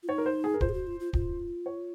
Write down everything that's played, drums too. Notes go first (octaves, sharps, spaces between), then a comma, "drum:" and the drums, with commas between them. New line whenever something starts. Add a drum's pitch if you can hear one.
F4
D#4 C#5
A#4
C5
G#4
A#4
F4 C5, drum: kick
G#4
F#4
F4
F4
F4, drum: kick
C#5